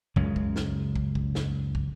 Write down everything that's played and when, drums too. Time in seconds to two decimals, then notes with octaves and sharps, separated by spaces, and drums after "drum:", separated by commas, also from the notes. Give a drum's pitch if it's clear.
0.16 C#2 F#2 C#3 G#3, drum: kick
0.36 drum: kick
0.56 drum: snare
0.96 drum: kick
1.15 drum: kick
1.35 drum: snare
1.75 drum: kick